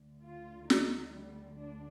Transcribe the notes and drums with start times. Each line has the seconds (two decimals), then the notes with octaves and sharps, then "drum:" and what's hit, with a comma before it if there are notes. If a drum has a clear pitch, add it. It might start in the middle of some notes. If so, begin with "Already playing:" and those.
Already playing: D2 D3
0.24 F4
0.70 D#4, drum: snare
1.15 G3
1.60 D4